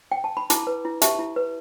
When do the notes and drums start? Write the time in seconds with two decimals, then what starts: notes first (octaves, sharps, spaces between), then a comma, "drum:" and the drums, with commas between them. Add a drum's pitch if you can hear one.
0.12 G5
0.24 A5
0.37 B5
0.50 E4 A5 D6, drum: hi-hat
0.67 B4
0.85 E4
1.02 G4 E5 A5, drum: hi-hat
1.19 E4
1.36 B4